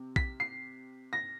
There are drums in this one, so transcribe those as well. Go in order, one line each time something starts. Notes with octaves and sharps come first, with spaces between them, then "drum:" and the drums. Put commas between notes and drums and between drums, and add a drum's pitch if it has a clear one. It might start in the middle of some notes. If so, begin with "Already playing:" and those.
Already playing: C3
B6, drum: kick
C7
A#6